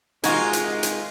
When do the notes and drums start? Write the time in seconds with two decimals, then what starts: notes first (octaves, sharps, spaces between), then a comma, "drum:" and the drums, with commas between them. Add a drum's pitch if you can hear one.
0.24 C3 D#3 G#3 D#4 F4 F#4 G#5, drum: hi-hat
0.53 drum: hi-hat
0.83 drum: hi-hat